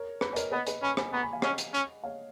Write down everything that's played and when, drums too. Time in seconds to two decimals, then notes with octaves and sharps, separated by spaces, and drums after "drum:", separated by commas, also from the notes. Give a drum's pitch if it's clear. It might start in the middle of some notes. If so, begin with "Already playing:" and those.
Already playing: A#4 C#5
0.21 B4, drum: rim click
0.33 D#5
0.36 A#4 C#5, drum: hi-hat
0.51 B3 B4 D#5
0.67 B4 D#5, drum: hi-hat
0.82 C#4 G#5 B5
0.97 G#5 B5, drum: rim click
1.12 B3 A#5 C#6
1.22 G#5 B5
1.33 F5 G#5
1.42 C#4 D#5 F#5, drum: rim click
1.58 drum: hi-hat
1.73 C#4
2.03 C#5 F5